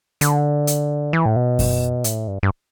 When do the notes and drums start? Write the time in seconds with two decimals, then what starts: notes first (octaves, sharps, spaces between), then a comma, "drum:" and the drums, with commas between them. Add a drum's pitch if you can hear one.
0.21 D3, drum: hi-hat
0.67 drum: hi-hat
1.13 E3
1.26 A2
1.36 B2
1.59 drum: kick F#2, open hi-hat
2.04 A2, drum: hi-hat
2.28 G2
2.43 G2